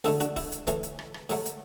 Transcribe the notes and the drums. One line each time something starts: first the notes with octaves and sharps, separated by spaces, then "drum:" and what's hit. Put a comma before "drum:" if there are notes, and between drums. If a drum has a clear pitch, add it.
D2 D3 A3 E4 A4, drum: open hi-hat
D4 F#4, drum: hi-hat
E4, drum: kick, open hi-hat
drum: hi-hat
A2 E3 A3, drum: kick, hi-hat
drum: hi-hat
drum: rim click
drum: rim click
A2 F#3 A3, drum: open hi-hat
drum: hi-hat